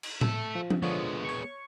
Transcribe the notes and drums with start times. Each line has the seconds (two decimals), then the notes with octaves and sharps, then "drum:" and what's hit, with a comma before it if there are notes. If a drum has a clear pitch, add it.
0.03 drum: cymbal
0.21 A4 E5, drum: tom A2
0.55 F3
0.70 drum: tom F3
0.83 D3 F3 G#3 B3 C#5
1.25 C#5 C#6